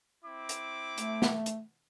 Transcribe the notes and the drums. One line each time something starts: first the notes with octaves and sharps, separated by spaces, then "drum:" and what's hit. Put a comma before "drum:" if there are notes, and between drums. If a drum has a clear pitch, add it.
C4 E4 D6
drum: hi-hat
A3, drum: hi-hat
drum: snare
drum: hi-hat